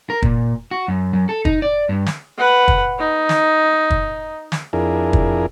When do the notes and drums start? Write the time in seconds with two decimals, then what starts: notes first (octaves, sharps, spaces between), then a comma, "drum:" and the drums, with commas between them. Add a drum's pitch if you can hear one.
0.10 A#4
0.22 A#2, drum: kick
0.71 F#4
0.88 F#2
1.13 F#2
1.29 A4
1.45 D#4, drum: kick
1.62 D5
1.89 G2
2.06 drum: snare
2.38 B4 F#5
2.68 drum: kick
2.99 D#4
3.29 drum: snare
3.90 drum: kick
4.52 drum: snare
4.73 F2 D4 E4 G#4 A#4
5.13 drum: kick